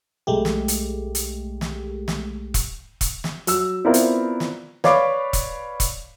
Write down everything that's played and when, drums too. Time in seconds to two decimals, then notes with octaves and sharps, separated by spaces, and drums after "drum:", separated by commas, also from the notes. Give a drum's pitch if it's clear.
0.27 B1 G#3 A3 G4
0.45 drum: snare
0.68 drum: hi-hat
1.15 drum: hi-hat
1.61 drum: snare
2.08 drum: snare
2.54 drum: kick E1, hi-hat
3.01 drum: kick E1, hi-hat
3.24 drum: snare
3.47 F#3 E6, drum: hi-hat
3.85 B3 C4 E4 F4 A#4 D5
3.94 drum: hi-hat
4.40 drum: snare
4.84 B4 C#5 D5 F5 B5 D6, drum: snare
5.33 drum: kick E1, hi-hat
5.80 drum: kick E1, hi-hat